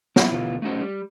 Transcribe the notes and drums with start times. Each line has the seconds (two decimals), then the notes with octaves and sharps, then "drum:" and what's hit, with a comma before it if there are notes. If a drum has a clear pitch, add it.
0.16 F#3 E4, drum: snare
0.32 D2 B2 E3 F4
0.62 A3 C#4 D#4 F#4 C5
0.81 G3